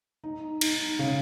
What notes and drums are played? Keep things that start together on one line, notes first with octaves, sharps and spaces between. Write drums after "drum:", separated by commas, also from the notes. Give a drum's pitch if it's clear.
D#4
D#4, drum: cymbal
C#3